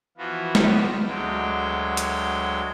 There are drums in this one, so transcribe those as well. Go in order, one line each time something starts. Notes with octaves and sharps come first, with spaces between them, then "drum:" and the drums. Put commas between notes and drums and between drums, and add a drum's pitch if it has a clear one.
E3 F3 B3 F4 F#4
D#3 G3 B3 F4 F#4, drum: snare
D2 F#3 G#3 G5
drum: hi-hat